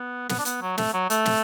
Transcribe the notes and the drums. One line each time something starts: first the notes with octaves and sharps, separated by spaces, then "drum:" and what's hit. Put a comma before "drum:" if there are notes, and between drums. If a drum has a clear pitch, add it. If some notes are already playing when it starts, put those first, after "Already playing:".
Already playing: B3
B3, drum: snare
D4
B3, drum: hi-hat
F#3
A3, drum: snare
F#3
A3, drum: hi-hat
drum: snare